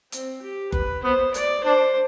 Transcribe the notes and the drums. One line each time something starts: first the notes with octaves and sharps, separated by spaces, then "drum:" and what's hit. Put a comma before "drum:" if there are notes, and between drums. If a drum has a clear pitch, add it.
C4, drum: hi-hat
G4
B4, drum: kick F#1
B3 C5
D5, drum: hi-hat
D4 C5